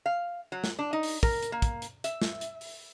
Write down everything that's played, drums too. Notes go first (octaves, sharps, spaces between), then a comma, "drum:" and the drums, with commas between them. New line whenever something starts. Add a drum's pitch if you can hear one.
F5
F#3
drum: snare
D4
D#4
drum: open hi-hat
A#4, drum: kick
drum: hi-hat
A#3
drum: kick, hi-hat
drum: hi-hat
E5, drum: hi-hat
drum: snare
drum: hi-hat
drum: open hi-hat